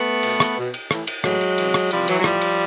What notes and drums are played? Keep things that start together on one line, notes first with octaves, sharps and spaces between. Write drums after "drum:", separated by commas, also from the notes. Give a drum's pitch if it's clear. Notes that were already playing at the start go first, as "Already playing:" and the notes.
Already playing: A3 B3
B2, drum: cymbal
drum: rim click
B2
drum: cymbal
A2 E3, drum: rim click
drum: cymbal
A2 E3 F#3 G#3, drum: rim click
drum: cymbal
C3 E3, drum: cymbal
drum: rim click
C3 E3 F3 G3, drum: cymbal
E3 F#3, drum: cymbal
F#3
A2 E3 F3 G3, drum: rim click
drum: cymbal